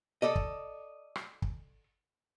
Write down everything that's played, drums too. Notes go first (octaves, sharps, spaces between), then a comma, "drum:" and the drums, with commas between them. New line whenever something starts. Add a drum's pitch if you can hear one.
A4 D5 D#5
drum: kick
drum: rim click
drum: kick